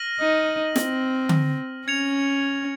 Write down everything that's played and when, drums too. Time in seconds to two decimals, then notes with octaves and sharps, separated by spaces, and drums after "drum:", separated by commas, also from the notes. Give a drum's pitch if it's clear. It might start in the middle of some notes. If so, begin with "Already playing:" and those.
Already playing: F6 A#6 D#7 F#7
0.20 D#4
0.76 C4, drum: snare
1.29 drum: tom D3
1.88 C#4 G#6 C#7 F7